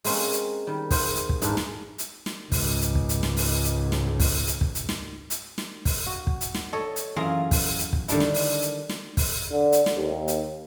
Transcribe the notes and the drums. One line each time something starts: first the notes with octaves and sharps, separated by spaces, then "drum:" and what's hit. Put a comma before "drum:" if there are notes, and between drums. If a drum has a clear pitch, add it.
G#3 A#3 C4 C#4, drum: open hi-hat
drum: hi-hat
D#3 G3
G#4 C5 F5 F#5, drum: kick, open hi-hat
G#4, drum: hi-hat
drum: kick
G#2 D4 G#4 B4 F5, drum: hi-hat
drum: snare
drum: hi-hat
drum: snare
C#2 G#2, drum: kick, open hi-hat
drum: hi-hat
drum: kick
drum: hi-hat
drum: snare
drum: open hi-hat
drum: hi-hat
drum: snare
drum: kick, open hi-hat
drum: hi-hat
drum: kick
drum: hi-hat
drum: snare
drum: hi-hat
drum: snare
drum: kick, open hi-hat
F#4
drum: kick
drum: hi-hat
drum: snare
A4 C#5 D#5
drum: hi-hat
F#2 E3 F4 G#4 A#5 C6
drum: kick, open hi-hat
drum: hi-hat
drum: kick
D3 D#3 G3 D4 E4, drum: hi-hat
drum: snare
drum: open hi-hat
drum: hi-hat
drum: snare
drum: kick, open hi-hat
D3
drum: hi-hat
drum: snare
D#2
drum: hi-hat